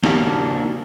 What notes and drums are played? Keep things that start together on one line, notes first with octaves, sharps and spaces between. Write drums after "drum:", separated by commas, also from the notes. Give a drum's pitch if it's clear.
A#3 D4 D#4 F#4 G4 A#4, drum: snare